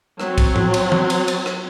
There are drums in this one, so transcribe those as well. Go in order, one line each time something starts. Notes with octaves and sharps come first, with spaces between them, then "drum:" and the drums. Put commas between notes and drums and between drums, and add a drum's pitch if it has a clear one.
F#3 C4, drum: rim click
drum: kick, cymbal
drum: tom A2
drum: cymbal
drum: tom E3
drum: cymbal
drum: cymbal
drum: rim click